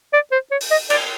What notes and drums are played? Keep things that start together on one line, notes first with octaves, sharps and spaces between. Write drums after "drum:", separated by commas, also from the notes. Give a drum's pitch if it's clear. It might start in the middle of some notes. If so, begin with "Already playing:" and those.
D5
C5
C#5
drum: open hi-hat
D#5
D5, drum: cymbal